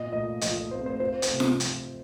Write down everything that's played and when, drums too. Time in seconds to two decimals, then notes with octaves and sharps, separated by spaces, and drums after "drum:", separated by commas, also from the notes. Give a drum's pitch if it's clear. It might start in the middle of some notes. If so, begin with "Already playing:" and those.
Already playing: A#2 D#5
0.12 A#2 D#5
0.41 F3 D#5, drum: hi-hat
0.56 D#5
0.71 C4 C5
0.86 C5
1.00 F4 C5
1.22 C5, drum: hi-hat
1.30 C3
1.40 drum: snare F4
1.60 F3, drum: hi-hat